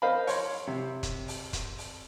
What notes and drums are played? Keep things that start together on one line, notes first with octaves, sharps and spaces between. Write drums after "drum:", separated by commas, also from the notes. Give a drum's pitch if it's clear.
A#4 C5 D#5 F5 B5
C#5 C6, drum: open hi-hat
C3
drum: kick, hi-hat
drum: open hi-hat
drum: kick, hi-hat
drum: open hi-hat